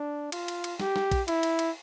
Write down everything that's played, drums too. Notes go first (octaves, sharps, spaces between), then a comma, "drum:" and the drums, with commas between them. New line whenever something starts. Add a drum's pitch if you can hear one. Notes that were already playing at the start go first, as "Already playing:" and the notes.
Already playing: D4
F4, drum: cymbal
drum: cymbal
drum: cymbal
G4, drum: snare
drum: snare
drum: kick A#1, cymbal
E4, drum: cymbal
drum: cymbal
drum: cymbal